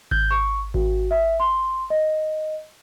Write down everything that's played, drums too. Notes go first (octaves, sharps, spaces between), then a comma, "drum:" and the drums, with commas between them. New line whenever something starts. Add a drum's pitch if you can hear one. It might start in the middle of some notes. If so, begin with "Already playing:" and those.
G6, drum: kick G#1
C#6
F#4, drum: kick G#1
E5
C6
D#5